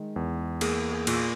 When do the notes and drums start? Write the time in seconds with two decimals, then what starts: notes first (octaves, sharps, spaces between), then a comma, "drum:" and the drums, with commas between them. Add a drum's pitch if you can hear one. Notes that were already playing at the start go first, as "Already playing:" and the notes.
Already playing: D#3 G#3
0.16 E2
0.61 A#3 G#4, drum: cymbal
0.93 G#4
1.07 A#2, drum: cymbal